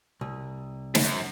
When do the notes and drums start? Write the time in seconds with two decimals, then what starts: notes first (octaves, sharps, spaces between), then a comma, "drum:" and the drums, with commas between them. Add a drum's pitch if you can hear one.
0.21 C2
0.95 F#2, drum: snare